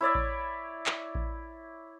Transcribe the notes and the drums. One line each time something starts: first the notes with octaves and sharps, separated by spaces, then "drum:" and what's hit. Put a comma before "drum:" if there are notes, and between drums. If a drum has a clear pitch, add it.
E4 C#5 D5 E5
drum: kick A1
drum: clap
drum: kick A1